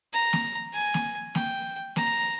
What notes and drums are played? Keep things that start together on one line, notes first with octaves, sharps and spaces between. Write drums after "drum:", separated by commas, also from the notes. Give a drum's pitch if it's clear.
A#5
drum: snare A#3
G#5
drum: snare A#3
G5, drum: snare A#3
A#5, drum: snare A#3